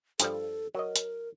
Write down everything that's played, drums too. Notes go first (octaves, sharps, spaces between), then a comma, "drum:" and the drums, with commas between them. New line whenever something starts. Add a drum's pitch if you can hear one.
G2 F3 G3 A4, drum: hi-hat
F#3 A#4 D#5
drum: hi-hat